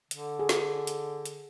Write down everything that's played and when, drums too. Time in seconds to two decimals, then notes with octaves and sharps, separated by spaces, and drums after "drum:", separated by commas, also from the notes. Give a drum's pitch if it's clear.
0.11 D3, drum: hi-hat
0.39 G#4
0.49 drum: snare
0.87 drum: hi-hat
1.26 drum: hi-hat